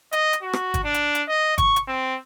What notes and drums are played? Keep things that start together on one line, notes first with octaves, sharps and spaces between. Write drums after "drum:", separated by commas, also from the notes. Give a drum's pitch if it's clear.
D#5, drum: hi-hat
drum: hi-hat
F#4
drum: rim click
drum: kick, hi-hat
D4
drum: hi-hat
drum: hi-hat
D#5
C#6, drum: kick, hi-hat
drum: hi-hat
C4